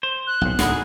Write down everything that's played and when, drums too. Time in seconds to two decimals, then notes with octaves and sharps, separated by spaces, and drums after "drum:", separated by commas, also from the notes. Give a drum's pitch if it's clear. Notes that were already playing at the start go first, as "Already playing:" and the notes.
0.03 C5
0.27 F#6
0.41 B1 A2
0.59 D2 A2 D#4 E4 F#4 G#4, drum: snare